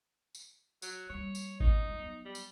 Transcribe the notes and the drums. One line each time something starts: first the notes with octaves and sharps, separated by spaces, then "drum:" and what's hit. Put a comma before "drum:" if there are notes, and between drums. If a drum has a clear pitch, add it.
drum: tambourine
F#3, drum: tambourine
G3 A#3 C#5
drum: tambourine
B2 A#3 D#4, drum: kick G#1
G#3 D4
F#3 B3
G3
drum: tambourine